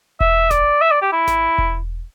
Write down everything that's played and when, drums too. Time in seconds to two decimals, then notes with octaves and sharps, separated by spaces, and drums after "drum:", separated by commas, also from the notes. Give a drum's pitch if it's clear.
0.20 E5, drum: kick E1
0.51 D5, drum: snare G#1
0.81 E5
0.91 D5
1.02 G4
1.13 E4
1.28 drum: snare G#1
1.58 drum: kick E1